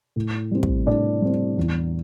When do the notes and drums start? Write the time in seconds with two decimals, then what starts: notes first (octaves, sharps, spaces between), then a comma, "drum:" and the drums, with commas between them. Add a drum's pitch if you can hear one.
0.16 A2
0.51 G3 C4
0.63 drum: kick
0.86 A2 D4 D5
1.22 G3 C4
1.58 E2